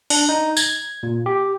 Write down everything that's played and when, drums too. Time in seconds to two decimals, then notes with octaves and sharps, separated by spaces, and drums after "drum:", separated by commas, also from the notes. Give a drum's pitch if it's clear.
0.10 D4, drum: open hi-hat
0.29 D#4
0.57 G#6, drum: tambourine
1.03 A#2
1.26 G4